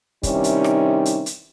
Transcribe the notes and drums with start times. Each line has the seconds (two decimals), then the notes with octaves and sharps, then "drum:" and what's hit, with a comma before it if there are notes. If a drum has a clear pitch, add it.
0.23 C3 D#3 G3 C#4 D#4 E4, drum: kick, hi-hat
0.44 drum: hi-hat
0.64 drum: rim click
1.05 drum: hi-hat
1.26 drum: hi-hat